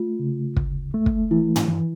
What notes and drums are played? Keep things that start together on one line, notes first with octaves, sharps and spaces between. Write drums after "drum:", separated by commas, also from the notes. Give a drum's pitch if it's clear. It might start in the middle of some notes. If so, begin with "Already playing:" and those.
Already playing: A3 F4
C#3
D2, drum: kick
A3
drum: kick
E3 E4
drum: tom
E3